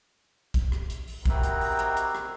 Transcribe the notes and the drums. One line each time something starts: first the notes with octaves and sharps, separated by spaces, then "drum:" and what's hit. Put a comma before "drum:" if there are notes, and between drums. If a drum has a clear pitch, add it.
drum: kick, hi-hat
drum: rim click
drum: hi-hat
drum: open hi-hat
C4 D#4 E4 F#4 G4 A#4, drum: kick, hi-hat
drum: hi-hat
drum: open hi-hat
drum: hi-hat
drum: hi-hat
drum: rim click